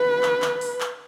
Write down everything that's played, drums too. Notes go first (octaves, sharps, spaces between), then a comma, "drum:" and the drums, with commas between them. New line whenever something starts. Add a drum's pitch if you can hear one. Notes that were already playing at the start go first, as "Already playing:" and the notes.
Already playing: B4
drum: clap
drum: clap
drum: open hi-hat
drum: clap